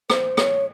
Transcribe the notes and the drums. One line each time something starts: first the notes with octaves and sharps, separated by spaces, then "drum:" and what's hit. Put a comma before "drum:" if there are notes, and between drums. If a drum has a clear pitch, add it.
C5, drum: rim click
C#5, drum: rim click